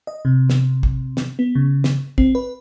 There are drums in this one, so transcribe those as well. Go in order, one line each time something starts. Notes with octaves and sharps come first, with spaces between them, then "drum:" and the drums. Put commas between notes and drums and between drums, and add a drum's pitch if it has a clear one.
D#5
C3
drum: snare
drum: kick
drum: snare
B3
C#3
drum: snare
C4, drum: kick
B4